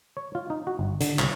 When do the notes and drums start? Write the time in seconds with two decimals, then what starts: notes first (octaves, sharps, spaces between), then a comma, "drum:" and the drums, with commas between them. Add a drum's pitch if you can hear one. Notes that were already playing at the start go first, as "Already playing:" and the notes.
0.17 C#5
0.35 F4
0.50 D#4
0.67 F#4
0.79 G1
1.01 D3, drum: hi-hat
1.19 C2, drum: clap